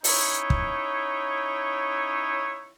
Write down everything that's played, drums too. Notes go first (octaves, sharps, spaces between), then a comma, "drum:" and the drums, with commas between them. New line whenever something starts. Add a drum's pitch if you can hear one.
C#4 D#4 E4 C#5, drum: open hi-hat
drum: kick